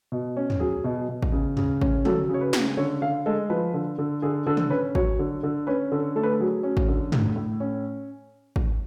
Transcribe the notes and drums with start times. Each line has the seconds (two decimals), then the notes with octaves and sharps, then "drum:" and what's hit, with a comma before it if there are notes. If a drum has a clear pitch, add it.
0.12 B2
0.37 C#4
0.50 drum: tom
0.60 F#3 G#4
0.84 B2
1.09 B2
1.22 drum: kick
1.32 C#3
1.57 C#3, drum: tom
1.81 C#4, drum: kick
2.05 F#3 A4, drum: tom
2.29 C#3
2.34 C#5
2.41 B4
2.53 C#3, drum: snare
2.77 D3 C#5
3.01 D3 F5
3.26 G#3 A4
3.50 F3 B4
3.74 D3
3.98 D3
4.22 D3 G#4
4.46 D3 A4
4.57 drum: tom
4.70 C#4 B4
4.95 F#3 C#5, drum: kick
5.19 D3
5.43 D3
5.67 C#4 B4
5.92 D3 A4
6.16 A3 A4
6.23 B4
6.31 A4
6.39 F#3 G#4
6.63 C#4
6.77 drum: kick
6.88 D3
7.12 A2, drum: tom
7.36 A2
7.60 C#4
8.56 drum: kick